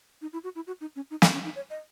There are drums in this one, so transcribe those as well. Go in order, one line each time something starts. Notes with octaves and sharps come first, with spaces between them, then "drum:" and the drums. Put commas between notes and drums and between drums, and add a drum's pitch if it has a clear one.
D#4
E4
F#4
E4
F#4
D#4
C#4
D#4
D#4, drum: snare
C#4
D#4
C#5
D#5